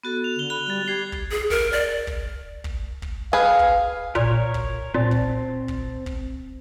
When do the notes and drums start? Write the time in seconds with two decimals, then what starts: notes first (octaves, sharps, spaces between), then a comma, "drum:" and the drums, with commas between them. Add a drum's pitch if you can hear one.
0.03 B3 F#4 A4
0.24 F7
0.36 D3 F7 G7
0.50 B5 F#6
0.66 G3 F#6 A6
0.86 G4 G#6 C7 G7
1.12 drum: kick
1.31 G#4
1.50 A#4, drum: kick
1.72 D5
2.07 drum: kick
2.64 drum: kick
3.02 drum: kick
3.33 G#4 B4 F5
3.59 drum: kick
4.15 A#2 A#4 C#5, drum: kick
4.54 drum: kick
4.94 A#2 C4 A5
5.11 drum: kick
5.68 drum: kick
6.06 drum: kick